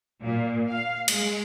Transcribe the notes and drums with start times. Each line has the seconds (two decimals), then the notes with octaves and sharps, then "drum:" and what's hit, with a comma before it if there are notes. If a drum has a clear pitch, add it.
0.21 A#2
0.71 F5
1.08 G#3, drum: cymbal